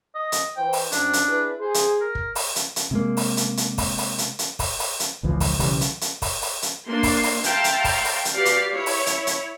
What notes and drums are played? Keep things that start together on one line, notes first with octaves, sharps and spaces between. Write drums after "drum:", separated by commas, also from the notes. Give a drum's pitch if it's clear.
D#5
drum: hi-hat
E3 C5 G5
drum: open hi-hat
F#2 C4 D4, drum: hi-hat
drum: hi-hat
E4 G#4 B4
G#4 C5
drum: hi-hat
A#4
drum: kick
drum: open hi-hat
drum: hi-hat
drum: hi-hat
C3 G#3 A#3
drum: open hi-hat
drum: hi-hat
drum: hi-hat
drum: kick, open hi-hat
drum: open hi-hat
drum: hi-hat
drum: hi-hat
drum: kick, open hi-hat
drum: open hi-hat
drum: hi-hat
G#1 C#2 E3 F3
drum: kick, open hi-hat
B1 C#3 E3 G3, drum: open hi-hat
drum: hi-hat
drum: hi-hat
drum: kick, open hi-hat
drum: open hi-hat
drum: hi-hat
A#3 D4 C6
drum: kick, open hi-hat
drum: open hi-hat
E5 F5 G5 A5 A#5 C6, drum: hi-hat
drum: hi-hat
drum: kick, open hi-hat
drum: open hi-hat
drum: hi-hat
F#4 G4 B4 D5 F5
drum: hi-hat
E4 C#5
drum: open hi-hat
drum: hi-hat
drum: hi-hat